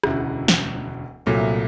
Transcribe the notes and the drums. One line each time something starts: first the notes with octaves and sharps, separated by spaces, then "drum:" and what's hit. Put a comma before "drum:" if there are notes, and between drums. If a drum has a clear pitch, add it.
E1 D2 C#3 E4 F#4, drum: rim click
drum: snare
C2 A#2 F#3 A3